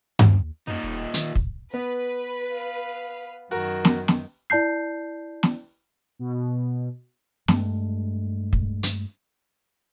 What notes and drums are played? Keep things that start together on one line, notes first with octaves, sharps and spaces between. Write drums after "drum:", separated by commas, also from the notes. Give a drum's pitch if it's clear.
D#2, drum: tom G2
F#2 A#2 D#4
E1
D#3, drum: hi-hat
A1, drum: kick
B3 B4
F5
F#2 D#3 F#4 A#4
drum: snare
drum: snare
E4 D5 A5 G6 C7
drum: snare
B2
G2 G#3 A3, drum: snare
drum: kick
drum: hi-hat